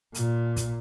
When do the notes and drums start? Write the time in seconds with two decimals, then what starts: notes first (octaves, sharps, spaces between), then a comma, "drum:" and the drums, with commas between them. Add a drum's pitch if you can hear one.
0.15 A#2, drum: hi-hat
0.56 drum: kick, hi-hat